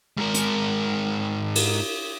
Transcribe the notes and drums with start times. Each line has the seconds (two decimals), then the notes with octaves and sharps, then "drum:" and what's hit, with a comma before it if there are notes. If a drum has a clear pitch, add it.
0.17 G#2 A#4
0.34 drum: hi-hat
1.55 drum: cymbal